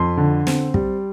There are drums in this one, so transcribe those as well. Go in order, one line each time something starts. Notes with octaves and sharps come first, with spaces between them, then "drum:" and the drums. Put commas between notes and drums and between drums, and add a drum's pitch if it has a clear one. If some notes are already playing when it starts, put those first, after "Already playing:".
Already playing: F2 C6
D3
C4, drum: snare
G3, drum: kick